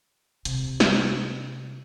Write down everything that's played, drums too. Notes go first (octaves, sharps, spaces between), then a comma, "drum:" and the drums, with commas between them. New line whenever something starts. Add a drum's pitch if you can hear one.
C3, drum: hi-hat
drum: snare